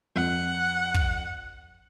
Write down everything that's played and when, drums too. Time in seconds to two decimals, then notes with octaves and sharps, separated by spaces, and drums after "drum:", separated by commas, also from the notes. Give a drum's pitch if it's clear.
0.16 F2 F#5
0.94 drum: kick